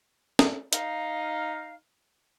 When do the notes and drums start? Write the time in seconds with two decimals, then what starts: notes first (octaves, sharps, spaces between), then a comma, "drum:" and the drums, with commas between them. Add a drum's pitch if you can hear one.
0.39 drum: snare
0.73 D#4 F5, drum: hi-hat